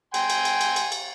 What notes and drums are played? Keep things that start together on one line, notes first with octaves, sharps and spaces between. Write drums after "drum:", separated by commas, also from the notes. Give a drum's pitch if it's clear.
G5 G#5 C6, drum: cymbal
drum: cymbal
drum: cymbal
drum: cymbal
drum: cymbal
drum: cymbal